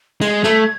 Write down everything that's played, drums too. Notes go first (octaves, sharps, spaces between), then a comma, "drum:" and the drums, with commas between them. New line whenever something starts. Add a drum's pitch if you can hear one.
G#3 G#6, drum: cymbal
A3, drum: snare